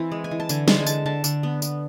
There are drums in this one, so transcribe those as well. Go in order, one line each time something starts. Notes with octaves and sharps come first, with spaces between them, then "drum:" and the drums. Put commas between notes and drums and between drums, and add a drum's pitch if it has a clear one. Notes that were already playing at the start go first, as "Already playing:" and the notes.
Already playing: E3 C4
G#3
G#5
E3
A5
D3 G#5, drum: tambourine
G#3 A5, drum: snare
G#5
D3 A5, drum: tambourine
D3 A5
D3, drum: tambourine
B3
B3, drum: tambourine